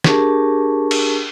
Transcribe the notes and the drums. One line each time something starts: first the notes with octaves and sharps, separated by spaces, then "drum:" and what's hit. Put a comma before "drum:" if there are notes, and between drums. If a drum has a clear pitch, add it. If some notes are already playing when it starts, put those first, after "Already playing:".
D4 G4 G#4 A#4 A5 C#6, drum: snare
drum: cymbal